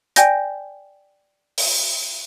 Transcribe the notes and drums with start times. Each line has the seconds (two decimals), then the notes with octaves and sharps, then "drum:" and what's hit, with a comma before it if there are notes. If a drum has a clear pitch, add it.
0.16 D5 G5 G#5 G6 A#6, drum: hi-hat
1.58 drum: open hi-hat